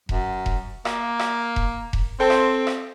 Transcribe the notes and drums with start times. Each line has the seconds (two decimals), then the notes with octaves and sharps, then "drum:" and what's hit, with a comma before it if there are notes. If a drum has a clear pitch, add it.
0.09 F#2, drum: kick E1
0.46 drum: kick E1
0.85 A#3, drum: rim click
1.19 drum: rim click
1.56 drum: kick E1
1.93 drum: kick E1
2.20 C4 A4 C5 G5
2.30 drum: rim click
2.67 drum: rim click